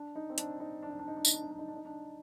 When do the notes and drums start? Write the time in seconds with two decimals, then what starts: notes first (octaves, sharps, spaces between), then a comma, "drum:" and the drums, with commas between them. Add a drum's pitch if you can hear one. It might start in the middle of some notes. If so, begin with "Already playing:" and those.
Already playing: D4
0.16 D#4
0.30 C4
0.38 D4, drum: hi-hat
0.60 D#4
0.83 D4
0.91 D#4
0.99 D4
1.08 D#4
1.17 D4
1.25 D#4, drum: tambourine
1.34 D4
1.42 D#4
1.51 D4
1.59 D#4
1.68 D4
1.76 D#4
1.85 D4